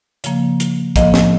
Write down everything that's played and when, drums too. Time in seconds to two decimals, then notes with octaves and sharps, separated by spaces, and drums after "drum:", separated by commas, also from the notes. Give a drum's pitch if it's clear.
0.24 C#3 F3 A#3, drum: hi-hat
0.60 drum: hi-hat
0.96 A2 F3 A#3 D#5, drum: kick, hi-hat
1.14 drum: snare